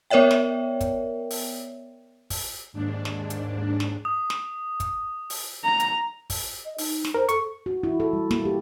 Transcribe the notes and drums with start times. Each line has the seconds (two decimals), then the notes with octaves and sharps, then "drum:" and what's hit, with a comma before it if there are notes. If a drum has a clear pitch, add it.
0.10 B3 A#4 C#5 D5 E5 G5
0.31 drum: snare
0.81 drum: kick, hi-hat
1.30 drum: open hi-hat
2.30 drum: kick, open hi-hat
2.72 D#2 G#2 D4
3.05 drum: snare
3.30 drum: hi-hat
3.80 drum: snare
4.05 D#6
4.30 drum: snare
4.80 drum: kick, hi-hat
5.30 drum: open hi-hat
5.64 A#5
5.80 drum: hi-hat
6.30 drum: kick, open hi-hat
6.65 D#5
6.78 D#4, drum: open hi-hat
7.05 drum: snare
7.14 A#4 C5
7.29 A4 C#6, drum: hi-hat
7.66 F#4
7.83 E4
8.00 A4
8.13 G3
8.31 A#3, drum: snare
8.45 G4